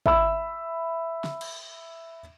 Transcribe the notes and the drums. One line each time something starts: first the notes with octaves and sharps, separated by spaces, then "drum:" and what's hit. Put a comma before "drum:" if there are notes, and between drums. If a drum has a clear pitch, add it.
E5 B5 E6, drum: kick
drum: snare
drum: cymbal